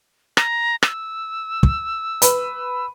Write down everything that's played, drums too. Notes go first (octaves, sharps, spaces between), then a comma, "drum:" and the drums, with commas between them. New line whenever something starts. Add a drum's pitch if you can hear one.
A#5, drum: rim click
E6, drum: rim click
drum: kick
B4, drum: hi-hat